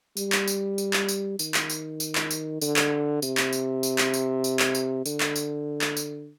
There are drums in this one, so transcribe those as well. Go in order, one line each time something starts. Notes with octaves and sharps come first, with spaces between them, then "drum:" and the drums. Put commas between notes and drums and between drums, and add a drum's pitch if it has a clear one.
G3, drum: tambourine
drum: clap
drum: tambourine
drum: tambourine
drum: clap
drum: tambourine
D#3, drum: tambourine
drum: clap
drum: tambourine
drum: tambourine
drum: clap
drum: tambourine
D3, drum: tambourine
drum: clap
C3, drum: tambourine
drum: clap
drum: tambourine
drum: tambourine
drum: clap
drum: tambourine
drum: tambourine
drum: clap
drum: tambourine
D3, drum: tambourine
drum: clap
drum: tambourine
drum: clap
drum: tambourine